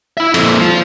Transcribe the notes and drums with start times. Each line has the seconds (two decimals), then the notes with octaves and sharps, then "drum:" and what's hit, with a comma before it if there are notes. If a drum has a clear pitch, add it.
0.17 E4 E5
0.34 F2 A#2, drum: cymbal
0.60 F3